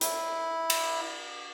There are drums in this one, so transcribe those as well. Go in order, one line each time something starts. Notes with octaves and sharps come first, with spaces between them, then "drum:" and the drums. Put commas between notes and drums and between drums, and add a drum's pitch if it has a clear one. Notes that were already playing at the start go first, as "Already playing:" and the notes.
E4, drum: hi-hat
drum: cymbal